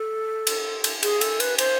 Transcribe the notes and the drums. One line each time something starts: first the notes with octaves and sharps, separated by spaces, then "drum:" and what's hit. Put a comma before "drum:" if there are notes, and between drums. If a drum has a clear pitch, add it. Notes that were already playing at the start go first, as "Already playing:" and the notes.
Already playing: A4
drum: cymbal
drum: cymbal
G#4, drum: cymbal
A4, drum: cymbal
B4, drum: cymbal
C5, drum: cymbal